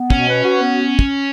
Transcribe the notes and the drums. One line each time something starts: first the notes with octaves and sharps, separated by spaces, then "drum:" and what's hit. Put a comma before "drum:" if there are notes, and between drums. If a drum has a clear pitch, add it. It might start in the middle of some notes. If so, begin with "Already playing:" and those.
Already playing: B3
B2 C#4, drum: kick
B4
F#4
B3
drum: kick